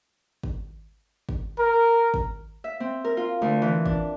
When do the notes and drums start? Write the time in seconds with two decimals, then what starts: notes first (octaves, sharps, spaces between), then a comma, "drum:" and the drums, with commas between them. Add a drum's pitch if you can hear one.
0.44 drum: kick G#1
1.29 drum: kick G#1
1.59 A#4
2.14 drum: kick G#1
2.64 E5
2.80 C4
3.04 A#4
3.17 F4
3.42 D2
3.62 E3
3.86 D4, drum: kick G#1